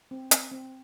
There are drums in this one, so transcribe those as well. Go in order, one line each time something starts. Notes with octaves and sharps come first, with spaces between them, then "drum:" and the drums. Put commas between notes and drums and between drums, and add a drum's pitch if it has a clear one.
C4
C4, drum: hi-hat
C4